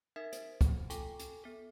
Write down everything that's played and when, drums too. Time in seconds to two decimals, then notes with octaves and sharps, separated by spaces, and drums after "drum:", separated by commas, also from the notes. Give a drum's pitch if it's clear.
0.16 D#4 A#4 E5 G#6 B6
0.32 C5, drum: hi-hat
0.61 drum: kick, hi-hat
0.90 F4 A4 G5 G#5 C#6 D6, drum: hi-hat
1.19 drum: hi-hat
1.44 B3 A4